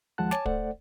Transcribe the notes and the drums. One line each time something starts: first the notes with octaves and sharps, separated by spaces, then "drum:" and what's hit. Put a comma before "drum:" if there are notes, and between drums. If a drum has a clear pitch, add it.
D#2 F3 G#3 F#5 A5 F#6
C#5 G#5 A5 D6, drum: snare
A3 A4 C5 D5 F#5, drum: kick